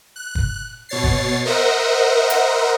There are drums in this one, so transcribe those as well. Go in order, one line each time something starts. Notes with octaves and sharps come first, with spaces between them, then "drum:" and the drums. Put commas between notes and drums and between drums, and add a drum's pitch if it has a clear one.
F#6
drum: kick
B2 C#5 A6 C7
drum: kick
A#4 C5 D#5 E5 F#5
drum: hi-hat